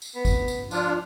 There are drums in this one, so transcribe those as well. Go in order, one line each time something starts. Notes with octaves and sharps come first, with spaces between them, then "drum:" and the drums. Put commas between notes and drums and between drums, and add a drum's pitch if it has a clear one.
drum: tambourine
B3
drum: kick G#1, tambourine
drum: tambourine
F3 D4 F4, drum: tambourine